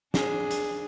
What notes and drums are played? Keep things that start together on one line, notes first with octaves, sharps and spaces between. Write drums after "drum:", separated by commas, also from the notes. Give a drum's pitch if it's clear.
D4 G#4, drum: snare
drum: hi-hat